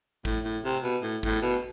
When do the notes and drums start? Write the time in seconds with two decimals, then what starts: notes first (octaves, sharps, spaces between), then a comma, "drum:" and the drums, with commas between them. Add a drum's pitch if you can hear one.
0.25 A2, drum: kick
0.44 A2
0.64 C3
0.83 B2
1.03 A2
1.23 A2, drum: kick
1.42 B2